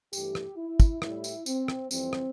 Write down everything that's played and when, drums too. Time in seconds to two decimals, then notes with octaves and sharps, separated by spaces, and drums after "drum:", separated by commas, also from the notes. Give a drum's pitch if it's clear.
0.13 G2 E3 A3 G4, drum: tambourine
0.35 drum: rim click
0.57 E4
0.80 drum: kick, tambourine
1.02 A2 G3 E4, drum: rim click
1.24 drum: tambourine
1.46 C4, drum: tambourine
1.68 drum: rim click
1.91 F2 E3 G3 C4, drum: tambourine
2.13 drum: rim click